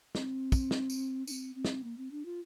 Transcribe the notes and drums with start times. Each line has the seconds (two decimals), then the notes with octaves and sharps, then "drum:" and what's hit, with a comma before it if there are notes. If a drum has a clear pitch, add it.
0.15 C4, drum: snare
0.52 drum: kick, tambourine
0.71 drum: snare
0.90 drum: tambourine
1.27 D4, drum: tambourine
1.31 C4
1.55 C4
1.65 drum: snare
1.84 A#3
1.98 C4
2.11 D4
2.25 F4